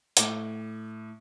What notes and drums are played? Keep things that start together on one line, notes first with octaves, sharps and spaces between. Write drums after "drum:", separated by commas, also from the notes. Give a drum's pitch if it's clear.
A2 D6, drum: hi-hat